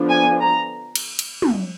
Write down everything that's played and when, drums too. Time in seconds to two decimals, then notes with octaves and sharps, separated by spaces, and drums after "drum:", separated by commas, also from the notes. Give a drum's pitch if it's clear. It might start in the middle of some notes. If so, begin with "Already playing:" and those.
Already playing: D3 F3 B3 D4
0.09 G#5
0.41 A#5
0.95 drum: cymbal
1.19 drum: cymbal
1.42 drum: tom